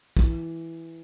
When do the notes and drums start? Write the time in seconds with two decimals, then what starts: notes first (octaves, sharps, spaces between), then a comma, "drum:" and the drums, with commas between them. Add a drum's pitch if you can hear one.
0.17 E3, drum: kick